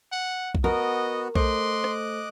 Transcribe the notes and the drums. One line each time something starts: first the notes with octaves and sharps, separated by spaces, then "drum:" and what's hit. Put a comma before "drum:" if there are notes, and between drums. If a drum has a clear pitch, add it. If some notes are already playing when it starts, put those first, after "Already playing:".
F#5
drum: kick B1
B3 F#4 A#4 D#5
A3 A4 C5 D#5 C6 D6 F#6, drum: kick B1
drum: rim click